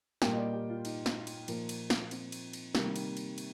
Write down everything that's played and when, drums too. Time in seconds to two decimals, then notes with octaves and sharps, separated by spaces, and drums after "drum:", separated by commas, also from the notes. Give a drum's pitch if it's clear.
0.22 A#2 G3 A#3 G5, drum: snare
0.32 D#5
0.38 D5
0.53 G4
0.69 F4
0.85 D#4, drum: cymbal
1.06 drum: snare
1.27 drum: cymbal
1.48 A#2 F3 A#3, drum: cymbal
1.69 drum: cymbal
1.90 drum: snare
2.11 C4, drum: cymbal
2.32 drum: cymbal
2.53 drum: cymbal
2.75 C3 D#3 G3 A#3, drum: snare
2.96 drum: cymbal
3.17 drum: cymbal
3.38 drum: cymbal